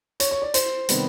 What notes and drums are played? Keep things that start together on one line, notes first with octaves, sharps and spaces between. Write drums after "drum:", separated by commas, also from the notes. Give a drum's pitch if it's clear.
C#5, drum: hi-hat
C#5
D5
C5, drum: hi-hat
C3 D#3 G3 B3, drum: hi-hat